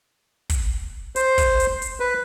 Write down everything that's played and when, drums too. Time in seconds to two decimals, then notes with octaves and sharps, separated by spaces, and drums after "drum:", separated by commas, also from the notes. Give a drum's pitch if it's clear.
0.50 drum: kick, hi-hat
1.16 C5, drum: hi-hat
1.38 drum: kick, hi-hat
1.60 drum: hi-hat
1.82 drum: hi-hat
2.00 B4